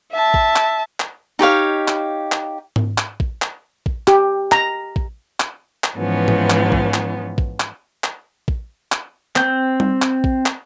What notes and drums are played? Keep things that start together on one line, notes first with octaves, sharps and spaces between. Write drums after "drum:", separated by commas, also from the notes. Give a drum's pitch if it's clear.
E5 A5
drum: kick
drum: clap
drum: clap
D#4 G4 C#5 F5
drum: clap
drum: clap
drum: tom G#2
drum: clap
drum: kick
drum: clap
drum: kick
G4, drum: clap
A#5, drum: clap
drum: kick
drum: clap
drum: clap
G#2 E3 F3 B3 C#4
drum: tom G#2
drum: clap
drum: kick
drum: clap
drum: kick
drum: clap
drum: clap
drum: kick
drum: clap
C4 G6, drum: clap
drum: tom G3
drum: clap
drum: kick
drum: clap